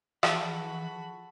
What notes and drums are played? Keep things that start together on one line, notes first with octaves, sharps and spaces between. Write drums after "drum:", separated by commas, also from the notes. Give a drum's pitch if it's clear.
E3 F3 F4 F#4 G#4 A4 A5 B5, drum: rim click